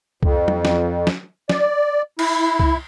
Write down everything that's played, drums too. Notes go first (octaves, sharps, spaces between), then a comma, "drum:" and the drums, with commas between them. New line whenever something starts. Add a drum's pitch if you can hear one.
F2, drum: kick C2
drum: tom F#3
drum: snare
drum: snare
D5, drum: snare
E4, drum: cymbal
drum: kick C2